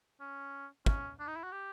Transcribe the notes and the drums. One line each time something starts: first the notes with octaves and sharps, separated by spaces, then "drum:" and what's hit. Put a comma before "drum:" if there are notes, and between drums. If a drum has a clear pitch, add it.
C#4
C#4, drum: kick
D4
D#4
E4
F#4
G4